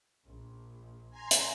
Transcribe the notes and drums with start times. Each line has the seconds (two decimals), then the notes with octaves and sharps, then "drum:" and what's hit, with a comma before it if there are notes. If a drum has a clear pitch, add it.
0.25 A#1
1.10 G#5 A#5 C6
1.31 drum: hi-hat